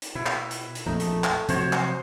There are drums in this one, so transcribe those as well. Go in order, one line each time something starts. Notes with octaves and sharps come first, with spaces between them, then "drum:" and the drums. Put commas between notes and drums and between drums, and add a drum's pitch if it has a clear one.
drum: hi-hat
B2 E4
drum: clap
drum: hi-hat
drum: hi-hat
A#1 F2 F3 A3 D#4
drum: hi-hat
drum: clap
C3 F3 F#3 F#4 C5 C#5, drum: hi-hat
drum: clap